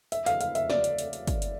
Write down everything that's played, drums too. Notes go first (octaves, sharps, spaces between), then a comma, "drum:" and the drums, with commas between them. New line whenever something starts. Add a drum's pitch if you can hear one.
E5, drum: hi-hat
F5, drum: hi-hat
F5, drum: hi-hat
E5, drum: hi-hat
D5, drum: snare
drum: hi-hat
drum: hi-hat
drum: hi-hat
drum: kick, hi-hat
drum: hi-hat